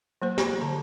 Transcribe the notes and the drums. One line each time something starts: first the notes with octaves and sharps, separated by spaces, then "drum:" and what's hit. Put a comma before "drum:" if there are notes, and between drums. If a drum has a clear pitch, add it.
F#3 A#3 C5
drum: snare
D3 A#5